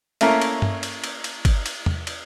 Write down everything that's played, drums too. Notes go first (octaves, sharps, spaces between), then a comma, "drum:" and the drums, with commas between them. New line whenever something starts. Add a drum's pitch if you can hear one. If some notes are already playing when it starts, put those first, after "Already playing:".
A3 A#3 C#4 E4 A#4, drum: cymbal
drum: cymbal
drum: tom G2
drum: cymbal
drum: cymbal
drum: cymbal
drum: kick G1, cymbal
drum: cymbal
drum: tom E2
drum: cymbal